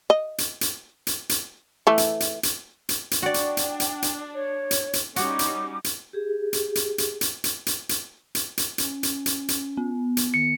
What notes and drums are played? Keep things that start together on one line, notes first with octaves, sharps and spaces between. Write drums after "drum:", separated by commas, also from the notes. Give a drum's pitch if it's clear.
D#5
drum: hi-hat
drum: hi-hat
drum: hi-hat
drum: hi-hat
E3 A3
drum: hi-hat
drum: hi-hat
drum: hi-hat
drum: hi-hat
drum: hi-hat
D4 F#4 D5 G5
drum: hi-hat
drum: hi-hat
drum: hi-hat
drum: hi-hat
C#5
drum: hi-hat
drum: hi-hat
G3 C#4 D#4 F#4 D6, drum: hi-hat
drum: hi-hat
drum: hi-hat
G4 G#4
drum: hi-hat
drum: hi-hat
drum: hi-hat
drum: hi-hat
drum: hi-hat
drum: hi-hat
drum: hi-hat
drum: hi-hat
drum: hi-hat
C#4, drum: hi-hat
drum: hi-hat
drum: hi-hat
drum: hi-hat
B3
drum: hi-hat
D#3 C#7